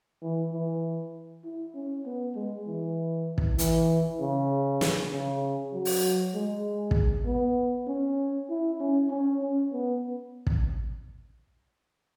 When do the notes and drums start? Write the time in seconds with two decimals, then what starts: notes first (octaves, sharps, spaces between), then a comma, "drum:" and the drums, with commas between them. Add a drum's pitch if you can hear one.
0.22 E3
0.52 E3
1.44 E4
1.75 C#4
2.06 B3
2.36 G#3
2.67 E3
3.38 drum: kick
3.58 E3, drum: hi-hat
4.20 C#3
4.81 drum: snare
5.13 C#3
5.74 F#3
5.85 drum: open hi-hat
6.35 G#3
6.91 drum: kick
7.26 B3
7.88 C#4
8.50 E4
8.80 C#4
9.10 C#4
9.42 C#4
9.72 B3
10.47 drum: kick